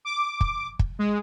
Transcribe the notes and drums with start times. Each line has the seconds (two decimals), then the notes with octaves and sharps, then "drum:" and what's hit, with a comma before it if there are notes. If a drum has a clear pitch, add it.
0.05 D6
0.41 drum: kick
0.79 drum: kick
0.99 G#3